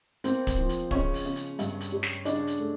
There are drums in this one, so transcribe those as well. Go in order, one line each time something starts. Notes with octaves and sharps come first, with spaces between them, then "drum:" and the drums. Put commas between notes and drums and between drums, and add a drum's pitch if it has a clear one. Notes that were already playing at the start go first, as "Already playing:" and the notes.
A#3 C4, drum: hi-hat
drum: kick, hi-hat
F3
drum: hi-hat
C#3 C#4, drum: kick
drum: open hi-hat
C#3
drum: hi-hat
G2, drum: hi-hat
drum: hi-hat
G3
drum: snare
C#3 D4, drum: hi-hat
drum: hi-hat
A3